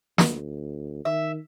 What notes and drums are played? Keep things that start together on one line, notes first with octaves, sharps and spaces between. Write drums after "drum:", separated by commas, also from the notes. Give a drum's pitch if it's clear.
D2, drum: snare
D#3 E5